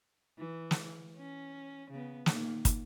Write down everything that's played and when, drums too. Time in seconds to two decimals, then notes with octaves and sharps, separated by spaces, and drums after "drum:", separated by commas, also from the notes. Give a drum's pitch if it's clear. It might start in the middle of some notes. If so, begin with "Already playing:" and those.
0.38 E3
0.71 drum: snare
1.16 C#4
1.91 C#3 B3
2.26 A#2 D#3 A#3, drum: snare
2.65 drum: kick, hi-hat